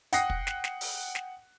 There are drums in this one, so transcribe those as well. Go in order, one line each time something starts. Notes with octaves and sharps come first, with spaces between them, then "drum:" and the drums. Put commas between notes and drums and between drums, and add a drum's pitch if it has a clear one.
F#5 G5 D#6 F#6 A#6 C7, drum: hi-hat
drum: kick
drum: snare
drum: snare
drum: open hi-hat
drum: snare